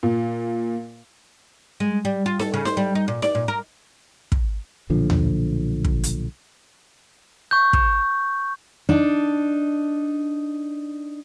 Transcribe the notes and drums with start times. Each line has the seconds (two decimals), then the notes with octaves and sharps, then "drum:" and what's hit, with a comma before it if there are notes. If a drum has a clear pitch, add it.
0.03 A#2
1.80 G#3
2.05 G3
2.26 F4
2.39 A4, drum: snare D#4
2.54 C#3
2.65 C5, drum: snare D#4
2.77 G3
2.95 D#4
3.08 A#2
3.22 D5, drum: snare D#4
3.35 A#2
3.48 A#4
4.32 drum: kick
4.90 B1 A#2 D3 F3
5.10 drum: tom D#2
5.85 drum: kick
6.03 drum: hi-hat
7.51 C#6 G6
7.73 drum: kick
8.89 D4 D#4